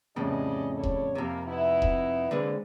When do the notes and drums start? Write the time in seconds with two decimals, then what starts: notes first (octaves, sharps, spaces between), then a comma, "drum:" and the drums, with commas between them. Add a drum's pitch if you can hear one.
0.16 F2 A2 C#3 G3 C#4 D#5
0.73 G3 A4 C#5
0.83 drum: kick E1
1.15 F2 C3 A#3
1.46 B3 D#4 E4
1.82 drum: kick E1
2.31 D3 G#3 A#3 C4 B4